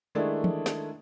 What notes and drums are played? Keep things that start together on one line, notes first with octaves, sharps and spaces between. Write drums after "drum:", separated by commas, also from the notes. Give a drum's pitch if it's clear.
D#3 G#3 A3 D4 E4
drum: tom E3
drum: snare